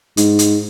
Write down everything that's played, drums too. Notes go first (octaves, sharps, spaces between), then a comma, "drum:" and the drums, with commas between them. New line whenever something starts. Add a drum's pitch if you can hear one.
G#2, drum: hi-hat
drum: hi-hat